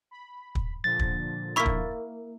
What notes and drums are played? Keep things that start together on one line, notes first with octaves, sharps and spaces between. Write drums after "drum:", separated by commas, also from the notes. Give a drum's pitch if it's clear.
B5
drum: kick
A#2 D3 F3 A6
drum: kick
A#3 E4 B5 C#6 B6
drum: kick